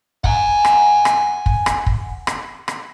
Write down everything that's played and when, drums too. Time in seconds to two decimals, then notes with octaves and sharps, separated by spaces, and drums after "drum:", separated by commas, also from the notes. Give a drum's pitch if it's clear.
0.24 F#5 G#5, drum: kick
0.65 drum: rim click
1.05 drum: rim click
1.46 drum: kick
1.66 drum: rim click
1.86 drum: kick
2.27 drum: rim click
2.68 drum: rim click